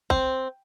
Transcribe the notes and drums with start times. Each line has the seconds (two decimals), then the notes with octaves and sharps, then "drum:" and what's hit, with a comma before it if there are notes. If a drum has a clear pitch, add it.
0.10 C4, drum: kick